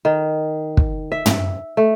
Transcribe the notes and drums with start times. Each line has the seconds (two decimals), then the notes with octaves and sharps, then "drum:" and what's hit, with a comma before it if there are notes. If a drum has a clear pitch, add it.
0.05 D#3
0.77 drum: kick
1.12 E5
1.26 drum: tom
1.77 A3